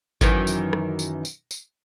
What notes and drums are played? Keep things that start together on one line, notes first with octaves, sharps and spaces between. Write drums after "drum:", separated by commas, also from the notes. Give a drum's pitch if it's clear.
F#2 D#3 E3, drum: kick G#1, tambourine
drum: tambourine
drum: rim click
drum: tambourine
drum: tambourine
drum: tambourine